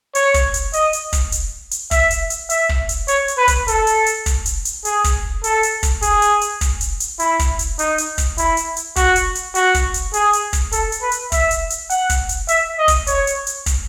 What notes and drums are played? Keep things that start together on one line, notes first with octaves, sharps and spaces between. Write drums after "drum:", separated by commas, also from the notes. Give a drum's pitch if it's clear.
C#5, drum: hi-hat
drum: kick, hi-hat
drum: hi-hat
D#5, drum: hi-hat
drum: hi-hat
drum: kick, hi-hat
drum: hi-hat
drum: hi-hat
E5, drum: kick, hi-hat
drum: hi-hat
drum: hi-hat
E5, drum: hi-hat
drum: kick
drum: hi-hat
C#5, drum: hi-hat
drum: hi-hat
B4
drum: kick, hi-hat
A4, drum: hi-hat
drum: hi-hat
drum: hi-hat
drum: kick, hi-hat
drum: hi-hat
drum: hi-hat
G#4, drum: hi-hat
drum: kick, hi-hat
A4, drum: hi-hat
drum: hi-hat
drum: kick, hi-hat
G#4, drum: hi-hat
drum: hi-hat
drum: hi-hat
drum: kick, hi-hat
drum: hi-hat
drum: hi-hat
E4, drum: hi-hat
drum: kick, hi-hat
drum: hi-hat
D#4, drum: hi-hat
drum: hi-hat
drum: kick, hi-hat
E4, drum: hi-hat
drum: hi-hat
drum: hi-hat
F#4, drum: kick, hi-hat
drum: hi-hat
drum: hi-hat
F#4, drum: hi-hat
drum: kick, hi-hat
drum: hi-hat
G#4, drum: hi-hat
drum: hi-hat
drum: kick, hi-hat
A4, drum: hi-hat
drum: hi-hat
B4
drum: hi-hat
E5, drum: kick, hi-hat
drum: hi-hat
drum: hi-hat
F#5, drum: hi-hat
drum: kick, hi-hat
drum: hi-hat
E5, drum: hi-hat
D#5
drum: kick, hi-hat
C#5, drum: hi-hat
drum: hi-hat
drum: hi-hat
drum: kick, hi-hat